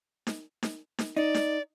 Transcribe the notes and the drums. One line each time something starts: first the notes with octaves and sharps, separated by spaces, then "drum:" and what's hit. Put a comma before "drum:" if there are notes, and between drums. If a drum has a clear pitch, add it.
drum: snare D#4
drum: snare D#4
drum: snare D#4
D#4 D5
drum: snare D#4